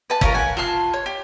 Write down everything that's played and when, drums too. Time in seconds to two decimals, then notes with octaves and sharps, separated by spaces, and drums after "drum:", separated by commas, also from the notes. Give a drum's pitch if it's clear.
0.10 B4 A5
0.21 C#4 F4 A#4, drum: kick G1
0.34 F#5 G#5
0.57 F4 A5 C6 F#6
0.93 C#5
1.06 G4